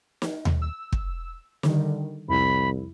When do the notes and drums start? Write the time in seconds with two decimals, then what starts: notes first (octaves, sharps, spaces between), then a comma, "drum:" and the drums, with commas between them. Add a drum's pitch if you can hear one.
0.22 drum: snare
0.45 drum: tom D#2
0.62 E6
0.92 drum: kick
1.63 D3 D#3 G3, drum: snare
2.29 C2 F2 E4 B5